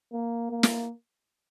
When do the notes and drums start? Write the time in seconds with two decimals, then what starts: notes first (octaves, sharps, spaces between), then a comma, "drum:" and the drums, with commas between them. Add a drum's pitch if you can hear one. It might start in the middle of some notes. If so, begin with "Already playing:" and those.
0.13 A#3
0.51 A#3
0.63 drum: snare